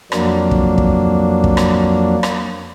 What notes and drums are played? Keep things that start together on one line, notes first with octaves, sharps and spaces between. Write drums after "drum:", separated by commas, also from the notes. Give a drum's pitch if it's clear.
F2 F#3 A#3 D4, drum: rim click
drum: kick
drum: kick
drum: kick
drum: rim click
drum: rim click